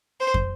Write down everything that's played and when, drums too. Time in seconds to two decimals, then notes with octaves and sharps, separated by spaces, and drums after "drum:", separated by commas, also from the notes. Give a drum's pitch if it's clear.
0.20 C5
0.34 drum: kick